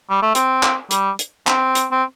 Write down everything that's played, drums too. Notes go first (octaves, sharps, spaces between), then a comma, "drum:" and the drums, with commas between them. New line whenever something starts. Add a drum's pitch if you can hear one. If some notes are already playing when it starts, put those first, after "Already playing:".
G3
A3
C4, drum: hi-hat
drum: clap
G3, drum: hi-hat
drum: hi-hat
C4, drum: clap
drum: hi-hat
C4